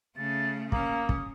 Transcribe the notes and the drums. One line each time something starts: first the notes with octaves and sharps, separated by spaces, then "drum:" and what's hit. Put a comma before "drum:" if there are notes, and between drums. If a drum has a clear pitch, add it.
C#3 A3 A6
A#3 C#4 D#6, drum: kick
drum: kick